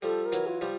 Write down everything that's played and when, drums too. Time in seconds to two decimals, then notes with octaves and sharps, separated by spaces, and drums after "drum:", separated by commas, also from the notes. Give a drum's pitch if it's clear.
0.02 F3 G3 A4
0.26 A#4
0.32 E3 F#3, drum: hi-hat
0.47 F4
0.61 F3 G3